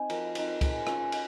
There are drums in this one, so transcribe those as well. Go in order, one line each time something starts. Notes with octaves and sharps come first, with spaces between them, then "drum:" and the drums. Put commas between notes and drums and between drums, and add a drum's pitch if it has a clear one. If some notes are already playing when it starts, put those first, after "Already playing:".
Already playing: C4 D#4 G#5
F3 A#4, drum: cymbal
C4 D#4, drum: cymbal
G#3, drum: kick C#2, cymbal
C#4 F4, drum: rim click
drum: cymbal